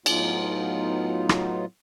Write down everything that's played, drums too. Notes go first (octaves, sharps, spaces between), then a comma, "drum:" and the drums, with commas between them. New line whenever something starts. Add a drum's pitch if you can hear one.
A2 F#3 B3 D#4 F4, drum: cymbal
drum: rim click